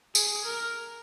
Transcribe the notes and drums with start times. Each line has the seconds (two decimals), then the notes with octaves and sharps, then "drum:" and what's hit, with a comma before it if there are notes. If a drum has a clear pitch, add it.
0.15 G#4, drum: tambourine
0.45 A#4